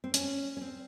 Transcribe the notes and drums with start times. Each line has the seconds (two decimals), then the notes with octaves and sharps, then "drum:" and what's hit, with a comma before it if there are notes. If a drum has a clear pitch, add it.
0.04 C4
0.14 C#4, drum: hi-hat
0.57 C#4
0.61 C4